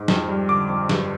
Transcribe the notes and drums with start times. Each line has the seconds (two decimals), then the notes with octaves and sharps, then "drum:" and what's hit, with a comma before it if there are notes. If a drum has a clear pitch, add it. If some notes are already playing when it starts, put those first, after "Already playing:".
Already playing: G#2
0.08 F2, drum: snare
0.29 G3
0.49 D3 D6
0.69 F2
0.89 G2, drum: snare